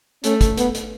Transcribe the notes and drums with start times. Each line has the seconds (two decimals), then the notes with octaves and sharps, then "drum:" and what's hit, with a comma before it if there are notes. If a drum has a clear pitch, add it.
0.24 A3 C#4, drum: hi-hat
0.41 drum: kick, hi-hat
0.57 B3, drum: hi-hat
0.75 drum: hi-hat